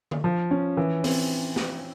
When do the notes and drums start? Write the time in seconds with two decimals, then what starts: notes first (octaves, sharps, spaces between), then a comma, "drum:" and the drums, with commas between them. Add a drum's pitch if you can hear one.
0.11 drum: tom D3
0.24 F3
0.51 C#4
0.77 E3
1.04 C4, drum: open hi-hat
1.56 drum: snare